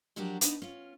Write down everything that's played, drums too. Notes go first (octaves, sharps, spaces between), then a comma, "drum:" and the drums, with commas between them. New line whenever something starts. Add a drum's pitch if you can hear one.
F3 F#3 D4 F#4 G4 A#4
B3 D4 D#4, drum: hi-hat
C#4 F4